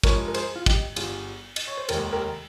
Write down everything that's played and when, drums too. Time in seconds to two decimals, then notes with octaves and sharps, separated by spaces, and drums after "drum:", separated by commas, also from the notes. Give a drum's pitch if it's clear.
0.03 G2 F3 G#3 A#4 C#5, drum: kick, cymbal
0.28 A#4
0.34 G#4 C5, drum: cymbal
0.55 F4
0.66 D#4 G4, drum: kick, cymbal
0.96 G1 G2 G3 F4 G#4, drum: cymbal
1.56 D#5, drum: cymbal
1.67 C#5
1.77 C5
1.89 F1 D#2 D#3 G#3 G4 A#4, drum: cymbal
2.12 G4 A#4